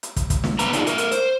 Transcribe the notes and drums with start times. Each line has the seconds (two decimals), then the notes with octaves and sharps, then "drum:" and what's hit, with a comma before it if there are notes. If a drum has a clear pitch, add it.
0.03 drum: hi-hat
0.16 drum: kick, hi-hat
0.30 drum: kick, hi-hat
0.44 drum: snare
0.59 C3 B3 B4 A#5, drum: hi-hat
0.73 D4 D#4 F4 F#4 G#4, drum: hi-hat
0.87 A3 A#4, drum: hi-hat
0.98 drum: hi-hat
1.11 C5, drum: hi-hat